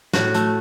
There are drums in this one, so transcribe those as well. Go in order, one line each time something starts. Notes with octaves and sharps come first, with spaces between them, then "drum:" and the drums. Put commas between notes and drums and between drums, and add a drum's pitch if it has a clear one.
A2 F#4, drum: snare
A3, drum: hi-hat